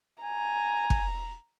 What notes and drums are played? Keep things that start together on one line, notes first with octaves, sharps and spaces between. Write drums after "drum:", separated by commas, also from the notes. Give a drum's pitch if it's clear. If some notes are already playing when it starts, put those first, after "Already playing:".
G#5 A#5
drum: kick